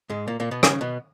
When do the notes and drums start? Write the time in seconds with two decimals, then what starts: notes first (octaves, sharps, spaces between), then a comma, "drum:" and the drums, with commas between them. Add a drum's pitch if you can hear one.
0.10 G#2 G#3
0.28 A#2 A#3
0.40 A#2 A#3
0.51 B2 B3
0.63 C#3 C#4, drum: rim click
0.81 B2 B3